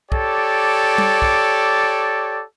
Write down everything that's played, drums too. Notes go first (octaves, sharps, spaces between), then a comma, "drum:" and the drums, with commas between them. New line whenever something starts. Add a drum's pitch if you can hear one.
G4 A4 C#5 D5, drum: kick
drum: tom G3
drum: kick